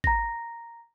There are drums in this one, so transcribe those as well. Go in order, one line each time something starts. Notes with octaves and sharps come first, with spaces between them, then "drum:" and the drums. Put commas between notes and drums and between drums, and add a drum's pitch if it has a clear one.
A#5 A#6, drum: kick G#1